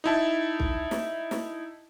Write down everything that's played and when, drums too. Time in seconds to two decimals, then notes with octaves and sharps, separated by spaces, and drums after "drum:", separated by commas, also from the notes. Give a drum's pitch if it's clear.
0.04 D#4 E4 A5
0.60 drum: kick C2
0.91 drum: snare
1.31 drum: snare